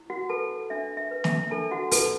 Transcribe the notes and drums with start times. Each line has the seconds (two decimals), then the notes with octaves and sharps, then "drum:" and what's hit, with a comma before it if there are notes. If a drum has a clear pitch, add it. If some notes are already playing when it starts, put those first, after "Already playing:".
Already playing: E4
0.10 F#4 F#5
0.30 A4 B4 A5
0.70 D4 E5
0.97 E5
1.11 B4
1.24 E5, drum: snare
1.51 D4 A4 A5
1.71 F#4 F#5
1.91 A4 B4 A5, drum: open hi-hat